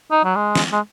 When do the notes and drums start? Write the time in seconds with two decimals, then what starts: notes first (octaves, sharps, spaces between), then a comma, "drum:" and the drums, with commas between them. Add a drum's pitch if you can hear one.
0.11 D#4
0.24 F#3
0.36 G#3
0.55 drum: snare
0.72 G#3